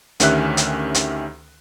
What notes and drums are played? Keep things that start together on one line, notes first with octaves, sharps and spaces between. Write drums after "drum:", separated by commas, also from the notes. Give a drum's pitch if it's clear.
D2 D#3 C#4 G4 E5 F#6, drum: hi-hat
drum: hi-hat
drum: hi-hat